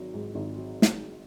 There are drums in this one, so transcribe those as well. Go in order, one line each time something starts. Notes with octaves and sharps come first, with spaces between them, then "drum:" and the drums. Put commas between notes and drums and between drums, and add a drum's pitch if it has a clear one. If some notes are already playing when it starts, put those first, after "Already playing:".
Already playing: G#1 F#3
G#2
G#1
F#3
drum: snare